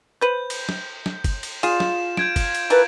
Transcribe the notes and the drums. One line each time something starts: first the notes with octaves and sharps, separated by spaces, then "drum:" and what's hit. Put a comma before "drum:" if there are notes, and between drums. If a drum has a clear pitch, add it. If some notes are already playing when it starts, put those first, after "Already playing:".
B4 C5 G6
drum: cymbal
drum: snare
drum: snare
drum: kick F#1, cymbal
drum: cymbal
F4 G#4 E7, drum: cymbal
drum: snare
G6 G#6 D7, drum: snare
drum: kick F#1, cymbal
drum: cymbal
E3 A#4 B4 A5, drum: cymbal